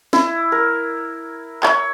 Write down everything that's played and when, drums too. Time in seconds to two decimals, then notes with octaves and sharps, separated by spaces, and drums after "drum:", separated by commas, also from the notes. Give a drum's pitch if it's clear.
0.13 E4, drum: snare
0.52 A#4
1.63 C#5, drum: clap